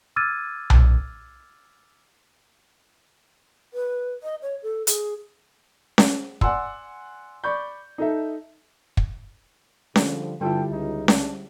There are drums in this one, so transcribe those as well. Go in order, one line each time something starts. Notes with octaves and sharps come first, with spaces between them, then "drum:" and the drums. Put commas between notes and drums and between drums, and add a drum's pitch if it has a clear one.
D6 E6 F6 G#6 A6 D#7
drum: tom B1
B4
D#5
C#5
A4
G#4, drum: hi-hat
drum: snare C#4
D5 F#5 G#5 C6 E6, drum: kick
D5 B5 C#6 G6
D#4 A4 E5
drum: kick
D3 F3 G3, drum: snare C#4
G2 D3 G3 E4 F4 A4 G5
C#2 D#4
D4, drum: snare C#4